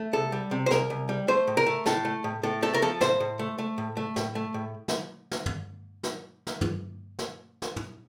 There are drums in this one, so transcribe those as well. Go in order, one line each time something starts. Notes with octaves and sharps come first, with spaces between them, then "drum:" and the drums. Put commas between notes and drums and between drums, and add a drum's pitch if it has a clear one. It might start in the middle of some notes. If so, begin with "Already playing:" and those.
Already playing: A3
C2 A4
G3
C3
C5
C2 A#4, drum: snare
C2
G3
A3 C5
A2
A#4
A3
A2 A4, drum: snare
A3
A2
A2 A4
A3 A4
A#4
F3 A4
A2 C5, drum: snare
A2
A3
A3
A2
A3
A2, drum: snare
A3
A2
drum: snare
drum: snare
drum: tom
drum: snare
drum: snare
drum: tom
drum: snare
drum: snare
drum: tom